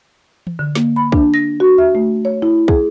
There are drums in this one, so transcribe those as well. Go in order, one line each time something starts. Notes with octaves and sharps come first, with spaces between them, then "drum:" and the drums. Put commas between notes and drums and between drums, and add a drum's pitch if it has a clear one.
drum: tom E3
D3
A#3, drum: snare
B5
D4, drum: kick
A#6
F#4
E5
A3
C#5
E4
G#4, drum: kick